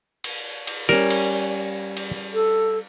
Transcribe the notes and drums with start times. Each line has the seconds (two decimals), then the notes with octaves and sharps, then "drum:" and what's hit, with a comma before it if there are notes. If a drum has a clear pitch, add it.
0.24 drum: cymbal
0.67 drum: cymbal
0.89 G3 C#4 A#4
1.10 drum: cymbal
1.97 drum: cymbal
2.33 A4